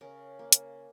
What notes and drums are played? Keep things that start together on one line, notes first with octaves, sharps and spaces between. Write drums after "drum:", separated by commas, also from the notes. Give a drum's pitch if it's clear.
C#3 A#4
A#3
drum: hi-hat